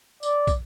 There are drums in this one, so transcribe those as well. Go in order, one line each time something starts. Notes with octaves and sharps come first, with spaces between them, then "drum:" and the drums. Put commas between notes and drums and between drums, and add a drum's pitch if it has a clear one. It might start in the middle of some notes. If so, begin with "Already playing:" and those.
D5, drum: tambourine
drum: kick, tambourine